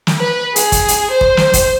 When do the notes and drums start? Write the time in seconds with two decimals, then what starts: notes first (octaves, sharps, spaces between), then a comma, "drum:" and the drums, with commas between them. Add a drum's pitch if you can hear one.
0.07 drum: snare
0.18 B4
0.56 G#4, drum: hi-hat
0.72 drum: kick, hi-hat
0.88 drum: hi-hat
1.11 C5
1.21 drum: kick
1.37 drum: snare
1.53 drum: kick, hi-hat